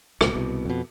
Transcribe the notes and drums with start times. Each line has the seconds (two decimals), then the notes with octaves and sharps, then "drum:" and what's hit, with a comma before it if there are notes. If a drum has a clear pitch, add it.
0.21 C#2 A#2, drum: rim click
0.33 C2 B2
0.65 F2 B2